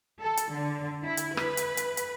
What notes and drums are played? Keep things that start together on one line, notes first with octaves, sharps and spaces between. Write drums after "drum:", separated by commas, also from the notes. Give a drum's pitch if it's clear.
A4
drum: hi-hat
D3
E4
drum: hi-hat
B4, drum: rim click
drum: hi-hat
drum: hi-hat
drum: hi-hat